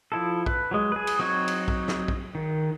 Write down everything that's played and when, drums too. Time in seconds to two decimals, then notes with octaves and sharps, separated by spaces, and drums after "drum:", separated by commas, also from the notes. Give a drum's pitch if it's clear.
0.12 F3 E4 A4
0.46 B4, drum: kick
0.71 F#3 G#3
0.92 G#4 B4
1.07 drum: cymbal
1.19 F#3 C4 D#4 C#5
1.48 drum: cymbal
1.68 drum: kick
1.88 drum: snare
2.08 drum: kick
2.35 D#3